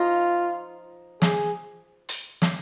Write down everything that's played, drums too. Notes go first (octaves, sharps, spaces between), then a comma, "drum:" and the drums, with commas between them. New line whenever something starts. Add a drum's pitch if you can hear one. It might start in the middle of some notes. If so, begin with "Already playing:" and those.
Already playing: F3 D#4 F4
G#4, drum: snare
drum: hi-hat
drum: snare